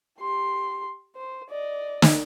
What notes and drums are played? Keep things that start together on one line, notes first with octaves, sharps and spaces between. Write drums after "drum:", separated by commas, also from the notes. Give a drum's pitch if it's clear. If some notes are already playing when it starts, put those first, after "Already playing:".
G4 C6
C5
D5 D#5
drum: snare